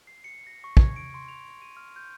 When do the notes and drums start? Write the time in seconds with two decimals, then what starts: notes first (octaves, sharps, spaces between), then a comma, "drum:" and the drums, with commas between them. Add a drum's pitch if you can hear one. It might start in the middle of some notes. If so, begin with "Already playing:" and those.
0.07 C7
0.24 C#7
0.47 A#6
0.64 C#6
0.77 G#6, drum: kick
0.96 D7
1.14 C6
1.28 F7
1.62 D#7
1.77 F6
1.96 G6